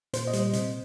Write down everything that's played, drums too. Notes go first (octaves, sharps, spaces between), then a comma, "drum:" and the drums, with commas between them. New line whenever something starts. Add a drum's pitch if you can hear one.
A#2 C5, drum: hi-hat
D#5
G3, drum: hi-hat
C5
C3, drum: hi-hat